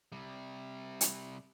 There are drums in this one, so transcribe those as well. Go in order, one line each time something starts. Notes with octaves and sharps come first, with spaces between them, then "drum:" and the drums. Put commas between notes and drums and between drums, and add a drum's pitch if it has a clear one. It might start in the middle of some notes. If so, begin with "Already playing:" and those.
C3 G3
drum: hi-hat